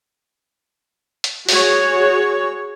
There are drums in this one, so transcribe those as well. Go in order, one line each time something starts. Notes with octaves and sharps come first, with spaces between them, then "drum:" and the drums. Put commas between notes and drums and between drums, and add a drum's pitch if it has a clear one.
drum: hi-hat
F#4 G#4 C#5, drum: open hi-hat